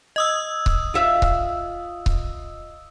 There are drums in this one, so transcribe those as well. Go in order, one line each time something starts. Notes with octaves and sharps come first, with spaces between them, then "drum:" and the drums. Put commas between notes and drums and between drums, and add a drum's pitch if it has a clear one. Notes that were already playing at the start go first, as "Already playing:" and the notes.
D#5 D#6 E6
drum: kick C#1
F4 E5 F5
drum: kick C#1
drum: kick C#1